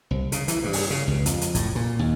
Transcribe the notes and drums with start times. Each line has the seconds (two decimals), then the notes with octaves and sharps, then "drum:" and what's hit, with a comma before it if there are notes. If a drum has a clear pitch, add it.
0.11 C2
0.32 C#3, drum: hi-hat
0.48 E3, drum: hi-hat
0.64 G2
0.73 drum: open hi-hat
0.90 C#3
1.08 C#2
1.26 F2, drum: hi-hat
1.41 drum: hi-hat
1.55 A2, drum: kick, hi-hat
1.75 A#2
1.99 D#2